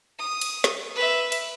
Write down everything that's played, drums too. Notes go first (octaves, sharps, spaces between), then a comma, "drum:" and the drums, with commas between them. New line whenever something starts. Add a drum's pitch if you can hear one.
D#6
drum: cymbal
drum: snare
B4 E5
drum: cymbal